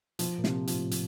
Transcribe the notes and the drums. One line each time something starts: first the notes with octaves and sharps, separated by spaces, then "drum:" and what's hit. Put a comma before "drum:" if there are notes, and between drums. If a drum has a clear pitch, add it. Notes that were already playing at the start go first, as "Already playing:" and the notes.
B2 F3, drum: hi-hat
A#2
C3, drum: snare
A#2
F3, drum: hi-hat
A2
F3, drum: hi-hat